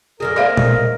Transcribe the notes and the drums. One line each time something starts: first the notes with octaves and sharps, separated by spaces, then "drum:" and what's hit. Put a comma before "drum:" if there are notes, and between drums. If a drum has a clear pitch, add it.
F#2 D3 G#4 A#4
G#3 A#3 C4 D5 E5 F5
drum: tom A#2